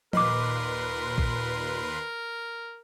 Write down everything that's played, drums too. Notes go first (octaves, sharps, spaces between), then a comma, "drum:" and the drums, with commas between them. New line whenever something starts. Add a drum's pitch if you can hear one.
D#2 A#2 A#4 B4 D#5 C6 D6, drum: tom F3
drum: kick A#1